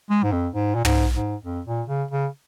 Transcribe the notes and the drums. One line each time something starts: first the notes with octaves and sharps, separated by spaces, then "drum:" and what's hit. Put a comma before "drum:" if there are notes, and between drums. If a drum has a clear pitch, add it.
G#3
G#2
F2
G#2
A#2
G#2, drum: tom
G#2
F2
A#2
C#3
C#3